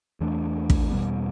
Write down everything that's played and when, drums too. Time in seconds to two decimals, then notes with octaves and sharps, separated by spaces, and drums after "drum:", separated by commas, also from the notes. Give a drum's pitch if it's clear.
0.20 E2 E3 A3 D4
0.70 drum: kick
0.92 E2 B2 G3 B3